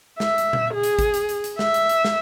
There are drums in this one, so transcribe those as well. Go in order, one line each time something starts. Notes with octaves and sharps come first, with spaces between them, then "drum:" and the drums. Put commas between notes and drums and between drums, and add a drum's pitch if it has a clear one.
E5, drum: snare
drum: hi-hat
drum: tom A#2
G#4
drum: hi-hat
drum: kick G#1, hi-hat
drum: hi-hat
drum: hi-hat
drum: hi-hat
E5, drum: snare
drum: hi-hat
drum: hi-hat
drum: snare